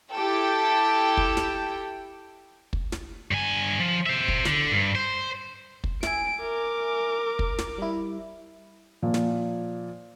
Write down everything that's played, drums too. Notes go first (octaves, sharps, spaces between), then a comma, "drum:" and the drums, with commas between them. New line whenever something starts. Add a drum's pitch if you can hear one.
E4 G4 A4 G5
drum: kick
drum: snare
drum: kick
drum: snare
G2 G#5
F3
C5 E5
drum: kick
D3, drum: snare
G2
C5
drum: kick
E5 G#5 D7, drum: snare
A#4 D6
drum: kick
drum: snare
G3 E4
A#2 F3 A#3
drum: snare